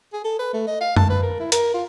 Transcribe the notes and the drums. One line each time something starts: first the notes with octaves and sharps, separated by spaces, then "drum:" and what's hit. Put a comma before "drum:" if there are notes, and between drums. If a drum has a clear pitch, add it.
G#4
A4
B4
A3
D#5
F5
A5, drum: tom F#2
B4
A#4
E4
A#4, drum: hi-hat
F4